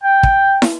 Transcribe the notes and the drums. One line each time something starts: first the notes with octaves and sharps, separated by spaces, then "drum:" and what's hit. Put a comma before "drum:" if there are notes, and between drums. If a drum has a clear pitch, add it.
G5
drum: kick
drum: snare